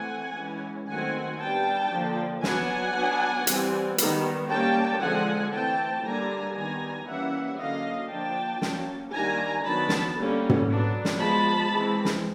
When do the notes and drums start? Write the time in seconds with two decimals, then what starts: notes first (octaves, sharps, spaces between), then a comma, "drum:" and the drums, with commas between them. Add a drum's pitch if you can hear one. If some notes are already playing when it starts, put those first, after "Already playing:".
Already playing: E3 A3 C4 F#5 G#5
0.37 E3 G#3 C#4
0.89 D#3 F#3 A3 C4 F#5 G#5
1.40 G3 B3 D4 G5 A5
1.92 D3 F3 A#3 D4
2.43 F#3 B3 D4 F#5 G#5, drum: snare
2.95 F#3 B3 D4
3.47 E3 G3 C4, drum: hi-hat
3.98 D#3 G3 B3, drum: hi-hat
4.50 G3 A#3 C#4 G5 A5
5.01 D3 F3 G#3 C4 F#5 G#5
5.53 E3 A3 C4 G5 A5
6.04 D3 G3 A#3 D4 G#5 A#5
6.56 D#3 G3 B3 D4 G#5 A#5
7.07 E3 G3 A#3 C#4 E5 F#5
7.59 D3 F#3 A#3 C#4 D#5 F5
8.10 F3 A#3 D4 G5 A5
8.62 F#3 A#3 C#4, drum: snare
9.13 D#3 G3 A#3 D4 G#5 A#5
9.65 D#3 F#3 B3 D4 A5 B5
9.89 drum: snare
10.17 D3 G3 A#3 C#4
10.49 drum: tom
10.68 F#3 B3 D4
11.05 drum: snare
11.19 F3 G#3 B3 A5 B5
11.71 E3 G#3 C4
12.05 drum: snare